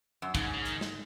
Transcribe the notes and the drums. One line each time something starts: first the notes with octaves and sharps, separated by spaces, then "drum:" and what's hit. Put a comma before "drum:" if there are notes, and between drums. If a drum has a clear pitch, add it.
F#2
G#2 C#3, drum: kick, hi-hat
C#3
D#3, drum: hi-hat
drum: snare